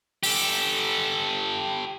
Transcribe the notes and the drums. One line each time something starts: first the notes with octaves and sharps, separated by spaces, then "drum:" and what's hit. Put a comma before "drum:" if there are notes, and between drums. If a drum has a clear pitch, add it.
G4 A4, drum: open hi-hat